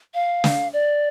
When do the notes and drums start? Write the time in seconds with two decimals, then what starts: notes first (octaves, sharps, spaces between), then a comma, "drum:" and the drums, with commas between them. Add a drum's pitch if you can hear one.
0.14 F5
0.44 drum: snare
0.73 D5